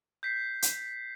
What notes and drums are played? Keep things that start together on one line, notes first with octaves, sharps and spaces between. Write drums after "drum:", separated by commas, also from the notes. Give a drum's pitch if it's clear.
G6 B6 C7
drum: hi-hat